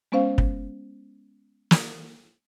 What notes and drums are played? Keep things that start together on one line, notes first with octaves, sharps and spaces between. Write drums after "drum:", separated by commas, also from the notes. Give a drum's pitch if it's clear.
G#3 B3 C#4 C5 F5
drum: kick
drum: snare